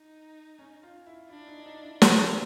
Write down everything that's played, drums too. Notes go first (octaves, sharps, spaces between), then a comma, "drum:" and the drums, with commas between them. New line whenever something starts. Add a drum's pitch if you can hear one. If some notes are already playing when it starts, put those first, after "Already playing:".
Already playing: D#4
C#4
F4
E4
D4 E4
D#4
D#4
E4
F4, drum: snare